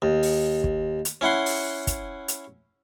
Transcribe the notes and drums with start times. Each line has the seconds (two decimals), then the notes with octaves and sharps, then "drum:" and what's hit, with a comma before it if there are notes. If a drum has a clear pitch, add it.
0.02 D#2
0.23 drum: open hi-hat
0.64 drum: kick
1.05 drum: hi-hat
1.21 C#4 E4 F#5 C6
1.46 drum: open hi-hat
1.87 drum: kick, hi-hat
2.28 drum: hi-hat